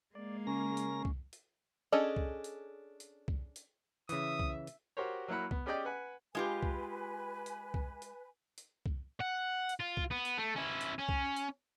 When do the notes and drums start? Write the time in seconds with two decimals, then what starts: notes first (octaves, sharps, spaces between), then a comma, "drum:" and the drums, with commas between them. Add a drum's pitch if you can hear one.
0.15 G#3 A#3 D5
0.47 C#3 C#4 A#4 A#6
0.77 drum: hi-hat
1.05 drum: kick C2
1.33 drum: hi-hat
1.92 C#4 D4 G#4 A4 D#5
2.16 drum: kick C2
2.44 drum: hi-hat
3.00 drum: hi-hat
3.28 drum: kick C2
3.56 drum: hi-hat
4.09 C#3 E3 E5 D#6, drum: hi-hat
4.39 drum: kick C2
4.67 drum: hi-hat
4.97 F#4 G4 A#4 C5 C#5
5.28 F#3 A#3 E4 F#5 B5
5.51 B3, drum: kick C2
5.66 C#4 G4 G#4 D5 D#5 G5
5.85 B4 F#5 G#5
6.35 G#3 F4 G4 B4 G#5
6.63 drum: kick C2
7.46 drum: hi-hat
7.74 drum: kick C2
8.02 drum: hi-hat
8.58 drum: hi-hat
8.86 drum: kick C2
9.20 F#5
9.69 drum: hi-hat
9.80 F4
9.97 drum: kick C2
10.11 B3
10.25 drum: hi-hat
10.38 A3
10.56 C#4 E4
10.81 drum: hi-hat
10.99 C#4
11.09 drum: kick C2
11.36 drum: hi-hat